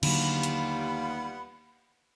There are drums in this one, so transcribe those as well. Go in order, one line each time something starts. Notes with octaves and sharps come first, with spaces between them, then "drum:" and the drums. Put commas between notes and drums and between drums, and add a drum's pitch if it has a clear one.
D#2 D3 F#3 G3 B3 F4 B5, drum: cymbal
drum: hi-hat